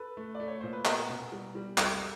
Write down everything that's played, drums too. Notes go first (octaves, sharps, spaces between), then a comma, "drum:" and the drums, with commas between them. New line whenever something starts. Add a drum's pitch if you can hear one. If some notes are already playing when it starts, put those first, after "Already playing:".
Already playing: A4 B4
A3
D5
A3
C#5
A#2 C5
B4
B3 G#4 A#4, drum: clap
B2
G3
G3
C2 G4 A4, drum: clap